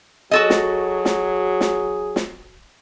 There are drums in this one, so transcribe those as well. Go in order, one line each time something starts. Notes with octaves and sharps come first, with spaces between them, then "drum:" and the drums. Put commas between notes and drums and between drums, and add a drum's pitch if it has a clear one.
F#3 F#4 G#4 A4 D#5
drum: snare
drum: snare
drum: snare
drum: snare